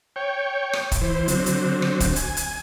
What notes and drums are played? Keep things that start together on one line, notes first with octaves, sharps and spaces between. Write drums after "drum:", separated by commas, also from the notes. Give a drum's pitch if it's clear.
C#5 G5
drum: rim click
drum: kick, hi-hat
E3 C5
D3 F#3 C4, drum: hi-hat
drum: hi-hat
drum: rim click
drum: kick, hi-hat
G#5, drum: hi-hat
drum: hi-hat